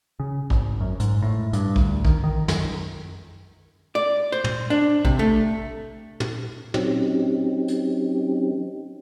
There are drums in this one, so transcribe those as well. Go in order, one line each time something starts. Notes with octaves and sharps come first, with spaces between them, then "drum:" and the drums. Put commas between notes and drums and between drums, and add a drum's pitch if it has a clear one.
C#3
G#1, drum: kick A#1
F#2
G#2, drum: hi-hat
A2
G2, drum: hi-hat
D2, drum: kick A#1
D#3, drum: kick A#1
D#3
F#2, drum: snare
D5
C5
drum: tom
D4
C3, drum: kick A#1
A3
drum: tom
F#3 C4 C#4 D#4 G4, drum: tom
drum: hi-hat